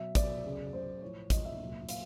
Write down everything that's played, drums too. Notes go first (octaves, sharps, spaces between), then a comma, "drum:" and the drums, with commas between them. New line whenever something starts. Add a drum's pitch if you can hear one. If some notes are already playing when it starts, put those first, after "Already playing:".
Already playing: B2 F#3 E5
B2 F#3 D5, drum: kick, hi-hat
C#3 F#3
C#3 F#3 C5
A2 F3 C#5
A2 F3 D#5, drum: kick, hi-hat
E5
A#2 F#3
A#2 F5, drum: hi-hat